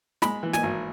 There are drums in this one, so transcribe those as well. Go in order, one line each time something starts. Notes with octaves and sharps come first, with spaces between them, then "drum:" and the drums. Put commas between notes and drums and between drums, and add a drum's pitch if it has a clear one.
G#3 B5, drum: snare
E3
G#5, drum: snare
G#1